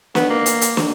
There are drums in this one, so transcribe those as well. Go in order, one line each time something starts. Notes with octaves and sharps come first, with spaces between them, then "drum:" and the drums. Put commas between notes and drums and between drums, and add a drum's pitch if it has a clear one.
B3, drum: snare
A#3
drum: hi-hat
drum: hi-hat
drum: snare